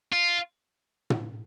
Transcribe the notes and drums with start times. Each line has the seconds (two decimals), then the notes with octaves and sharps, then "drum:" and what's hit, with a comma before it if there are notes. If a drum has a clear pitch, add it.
0.13 F4
1.10 drum: tom